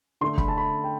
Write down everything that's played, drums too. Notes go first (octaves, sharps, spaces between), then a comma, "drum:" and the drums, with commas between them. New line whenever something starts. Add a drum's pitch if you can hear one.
D3 A3 C6
B5, drum: kick
A5
B5
G5